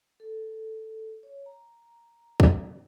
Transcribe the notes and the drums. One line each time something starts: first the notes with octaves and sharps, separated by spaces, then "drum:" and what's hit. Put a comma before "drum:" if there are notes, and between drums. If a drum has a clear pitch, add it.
A4
C#5
A#5
drum: kick